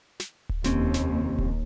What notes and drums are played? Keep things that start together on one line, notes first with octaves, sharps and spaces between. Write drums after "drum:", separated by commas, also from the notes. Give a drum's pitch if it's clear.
drum: snare
drum: kick D1
F1 D#2 C4 C#4, drum: snare
drum: snare
drum: kick D1